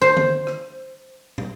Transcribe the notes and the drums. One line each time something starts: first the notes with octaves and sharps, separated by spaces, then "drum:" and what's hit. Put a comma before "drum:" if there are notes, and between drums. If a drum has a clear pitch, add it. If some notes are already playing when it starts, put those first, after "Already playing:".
C5
drum: tom
drum: rim click
drum: tom